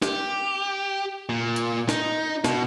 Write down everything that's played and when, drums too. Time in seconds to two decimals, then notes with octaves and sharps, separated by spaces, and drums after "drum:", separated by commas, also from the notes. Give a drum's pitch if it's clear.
0.02 G4, drum: snare
1.29 A#2
1.56 drum: hi-hat
1.89 D#4, drum: snare
2.44 B2, drum: snare